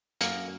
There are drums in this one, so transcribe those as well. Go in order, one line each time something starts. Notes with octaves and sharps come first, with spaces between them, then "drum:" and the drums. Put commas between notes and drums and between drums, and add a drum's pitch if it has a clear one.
F#2 A#3, drum: hi-hat